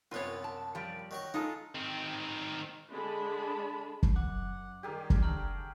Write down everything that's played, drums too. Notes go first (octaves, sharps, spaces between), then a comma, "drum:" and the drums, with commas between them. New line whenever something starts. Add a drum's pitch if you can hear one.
C2 F#2 B3 F4 C#5
A5
F3 G3
D#3 F#3 C#6
G#3 D#4 F4 A4
D#3 C4
D3 G#3 D4 G#4 A5 B5
drum: kick
F#2 F#5 D6
D#3 G3 G4 G#4 A#4
drum: kick
D3 A#5 C#6 F6 F#7